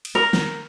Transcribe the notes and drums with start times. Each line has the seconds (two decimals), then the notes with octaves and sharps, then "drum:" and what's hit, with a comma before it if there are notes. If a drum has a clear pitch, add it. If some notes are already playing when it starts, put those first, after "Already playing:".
0.05 drum: cymbal
0.15 A#4
0.33 drum: snare